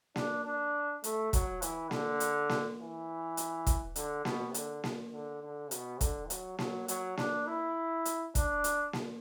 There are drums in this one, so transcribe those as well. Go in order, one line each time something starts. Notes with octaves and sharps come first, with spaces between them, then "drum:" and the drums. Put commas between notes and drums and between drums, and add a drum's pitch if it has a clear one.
D4, drum: snare A#3
D4
A3, drum: hi-hat
F#3, drum: kick, hi-hat
E3, drum: hi-hat
D3, drum: snare A#3
drum: hi-hat
drum: snare A#3
E3
drum: hi-hat
drum: kick, hi-hat
D3, drum: hi-hat
B2, drum: snare A#3
D3, drum: hi-hat
drum: snare A#3
D3
D3
B2, drum: hi-hat
D3, drum: kick, hi-hat
F#3, drum: hi-hat
F#3, drum: snare A#3
F#3, drum: hi-hat
D4, drum: snare A#3
E4
drum: hi-hat
D4, drum: kick, hi-hat
drum: hi-hat
drum: snare A#3